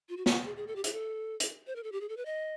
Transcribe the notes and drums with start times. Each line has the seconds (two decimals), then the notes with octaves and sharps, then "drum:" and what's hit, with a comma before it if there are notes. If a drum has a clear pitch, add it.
0.09 F4
0.17 F#4
0.26 F4, drum: snare
0.45 G#4
0.56 G#4
0.67 A4
0.76 G4
0.84 G#4, drum: hi-hat
0.93 A4
1.40 drum: hi-hat
1.67 C5
1.76 A#4
1.83 A4
1.92 G4
2.01 G#4
2.09 A4
2.17 B4
2.25 D#5